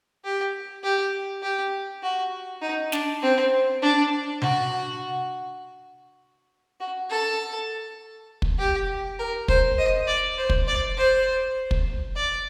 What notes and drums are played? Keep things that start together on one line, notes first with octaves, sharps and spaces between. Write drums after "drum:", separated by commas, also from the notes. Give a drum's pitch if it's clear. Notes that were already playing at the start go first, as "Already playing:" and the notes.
G4
G4
G4
F#4
D#4
D4, drum: snare
C4
D4
F#4, drum: tom C3
F#4
A4
drum: kick
G4
A#4
C5, drum: kick
D#5
D5
C5
drum: kick
D5
C5
drum: kick
D5